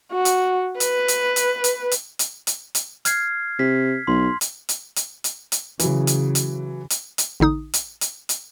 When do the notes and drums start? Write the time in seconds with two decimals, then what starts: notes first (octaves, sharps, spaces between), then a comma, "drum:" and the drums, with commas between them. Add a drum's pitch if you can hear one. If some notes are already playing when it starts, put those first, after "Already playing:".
0.11 F#4
0.25 drum: hi-hat
0.80 B4, drum: hi-hat
1.08 drum: hi-hat
1.36 drum: hi-hat
1.64 drum: hi-hat
1.91 drum: hi-hat
2.19 drum: hi-hat
2.47 drum: hi-hat
2.75 drum: hi-hat
3.05 F6 G#6 C7, drum: hi-hat
3.59 C3 B6
4.07 B1 C6
4.41 drum: hi-hat
4.69 drum: hi-hat
4.96 drum: hi-hat
5.24 drum: hi-hat
5.52 drum: hi-hat
5.80 C#3 E3 F#3, drum: hi-hat
6.07 drum: hi-hat
6.35 drum: hi-hat
6.90 drum: hi-hat
7.18 drum: hi-hat
7.40 A1 D3 D#4 D#6
7.74 drum: hi-hat
8.01 drum: hi-hat
8.29 drum: hi-hat